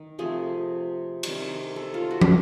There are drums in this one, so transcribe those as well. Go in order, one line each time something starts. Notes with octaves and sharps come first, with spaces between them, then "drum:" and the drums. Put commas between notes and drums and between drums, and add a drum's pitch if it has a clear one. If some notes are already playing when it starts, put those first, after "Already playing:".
Already playing: D#3
C3 F3 A3 G#4
C3 D#3 G3, drum: cymbal
A4
F4
F#4
F#4, drum: tom